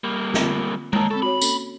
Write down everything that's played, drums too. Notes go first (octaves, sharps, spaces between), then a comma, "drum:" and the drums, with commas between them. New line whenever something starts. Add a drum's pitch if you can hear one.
G3 A#3
D3 C4 F4, drum: snare
D#3 A#3 C#5 A5, drum: tom G#3
C4 A4 B5 C#6
F#4 C#5 B5
A#3 C#4 A4, drum: tambourine